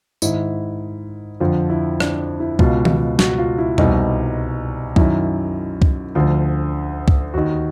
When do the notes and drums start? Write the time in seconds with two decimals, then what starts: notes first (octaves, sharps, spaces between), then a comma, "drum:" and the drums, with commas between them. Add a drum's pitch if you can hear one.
0.22 G#2 D#3 E4, drum: tambourine
1.40 F2 D3 F3 F4
1.70 E4
2.00 D4, drum: rim click
2.40 E4
2.59 C#2 B2 F4, drum: kick C2
2.85 drum: tom D#3
3.19 F#4, drum: snare
3.38 F4
3.58 E4
3.78 C2 B2 D#4, drum: tom E2
4.96 F#2 D#3 E4, drum: kick C2
5.82 drum: kick C2
6.15 D2 D3 F3 F4
7.08 drum: kick C2
7.34 D#2 D#3 F#4